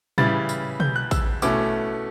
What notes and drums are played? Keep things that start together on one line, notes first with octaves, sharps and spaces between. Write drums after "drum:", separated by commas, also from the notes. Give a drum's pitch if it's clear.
C#3 E3 G3 C#4 E4 A6, drum: tom A2
drum: tambourine
G6, drum: tom
F#6
E6, drum: kick A1, tambourine
B2 A3 C#4 E4 D6, drum: tambourine